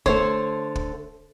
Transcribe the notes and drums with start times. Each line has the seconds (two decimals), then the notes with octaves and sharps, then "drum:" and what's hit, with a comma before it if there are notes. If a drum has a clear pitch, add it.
0.06 D3 A3 A4 C5 C#5, drum: kick
0.76 drum: kick